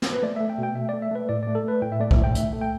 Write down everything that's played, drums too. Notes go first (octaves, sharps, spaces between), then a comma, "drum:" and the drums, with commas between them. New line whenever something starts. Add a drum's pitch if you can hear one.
drum: snare
B4
A3 D5
A3 E5
G5
B2
G5
A3 E5
A3 D5
E5
A3 B4
A2 D5
A3 D5
A4
A3 B4
A2 G5
E5
A3 D5
E5, drum: kick B1
A2
G5
A3 E5, drum: hi-hat
A3
G5